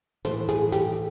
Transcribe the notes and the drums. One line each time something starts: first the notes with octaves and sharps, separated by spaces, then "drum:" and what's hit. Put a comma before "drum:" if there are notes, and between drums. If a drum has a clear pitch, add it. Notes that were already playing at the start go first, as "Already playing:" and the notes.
A2 E3 A3 C5, drum: hi-hat
G#4, drum: hi-hat
G4, drum: hi-hat